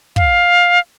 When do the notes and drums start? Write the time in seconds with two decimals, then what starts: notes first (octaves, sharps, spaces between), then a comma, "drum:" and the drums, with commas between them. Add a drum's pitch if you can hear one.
0.16 F5, drum: kick